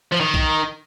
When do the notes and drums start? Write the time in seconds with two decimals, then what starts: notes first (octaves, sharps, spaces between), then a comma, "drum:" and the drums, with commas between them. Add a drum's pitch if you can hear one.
0.12 F3
0.20 D#3
0.34 drum: kick B1